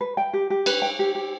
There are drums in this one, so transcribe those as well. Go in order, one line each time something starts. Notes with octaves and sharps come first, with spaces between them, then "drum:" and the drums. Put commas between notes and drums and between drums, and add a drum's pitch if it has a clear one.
B4
G5
G4
G4
B4, drum: cymbal
G5
G4
G4